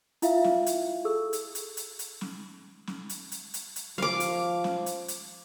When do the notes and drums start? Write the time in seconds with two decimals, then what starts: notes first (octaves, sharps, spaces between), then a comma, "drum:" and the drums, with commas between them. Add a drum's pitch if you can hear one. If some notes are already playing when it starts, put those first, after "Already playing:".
0.22 E4 F4 E5 F5, drum: hi-hat
0.44 drum: snare
0.66 drum: hi-hat
1.05 G#4 A4 E6
1.33 drum: hi-hat
1.55 drum: hi-hat
1.77 drum: hi-hat
1.99 drum: hi-hat
2.21 drum: snare
2.87 drum: snare
3.09 drum: hi-hat
3.32 drum: hi-hat
3.54 drum: hi-hat
3.76 drum: hi-hat
3.98 F3 F5 D6, drum: snare
4.20 drum: hi-hat
4.64 drum: snare
4.86 drum: hi-hat
5.08 drum: hi-hat